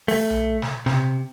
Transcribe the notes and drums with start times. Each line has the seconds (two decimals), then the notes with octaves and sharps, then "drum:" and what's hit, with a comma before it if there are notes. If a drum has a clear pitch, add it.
0.08 A3, drum: open hi-hat
0.30 drum: tom B1
0.62 drum: snare
0.86 C3, drum: snare